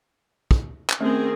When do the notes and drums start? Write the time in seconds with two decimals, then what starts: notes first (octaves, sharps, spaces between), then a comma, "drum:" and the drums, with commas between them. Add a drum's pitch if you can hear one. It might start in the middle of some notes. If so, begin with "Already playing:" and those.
0.51 drum: kick
0.90 drum: clap
1.00 D#3 A3 C4 C#4 G#4